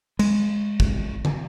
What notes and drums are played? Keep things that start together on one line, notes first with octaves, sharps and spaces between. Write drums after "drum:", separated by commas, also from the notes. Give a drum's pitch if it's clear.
G#3, drum: cymbal
drum: kick
drum: tom D3